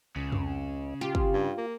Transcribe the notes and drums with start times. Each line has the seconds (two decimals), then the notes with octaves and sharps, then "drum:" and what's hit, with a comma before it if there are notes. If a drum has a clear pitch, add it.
0.16 C#2 C#3
0.32 drum: tom F2
1.01 F4 G4
1.15 drum: kick
1.34 G2
1.57 A#3